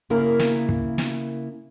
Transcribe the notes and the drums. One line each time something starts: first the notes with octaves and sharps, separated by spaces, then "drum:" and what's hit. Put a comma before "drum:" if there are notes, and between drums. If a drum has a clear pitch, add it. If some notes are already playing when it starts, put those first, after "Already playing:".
C#3 A#3 E4 A#4
drum: snare
drum: kick
drum: snare